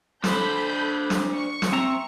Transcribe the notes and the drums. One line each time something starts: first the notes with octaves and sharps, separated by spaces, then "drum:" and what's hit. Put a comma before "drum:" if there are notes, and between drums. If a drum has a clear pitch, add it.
D4 A4 C5 B5 G6, drum: snare
drum: snare
C#6
drum: snare
C4 E5 A#5